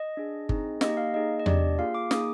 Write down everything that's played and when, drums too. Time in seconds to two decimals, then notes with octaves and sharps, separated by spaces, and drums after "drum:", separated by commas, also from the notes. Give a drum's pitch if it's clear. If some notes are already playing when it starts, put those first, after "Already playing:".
Already playing: D#5
0.17 D4 G#4
0.49 C4 D#4 G#4, drum: kick G1
0.81 A#3 D#4 G4 D#5, drum: snare
0.97 F5
1.14 A#3 D#4 G#4 D#5
1.40 D#5
1.46 D4 G4 D5, drum: tom E2
1.78 A#3 F4 G#4 F5
1.95 D6
2.11 A#3 D#4 G#4 D#6, drum: snare